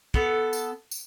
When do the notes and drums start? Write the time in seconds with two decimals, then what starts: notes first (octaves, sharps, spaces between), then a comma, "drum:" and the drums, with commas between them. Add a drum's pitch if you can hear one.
0.14 B3 A4, drum: kick
0.53 drum: tambourine
0.91 drum: tambourine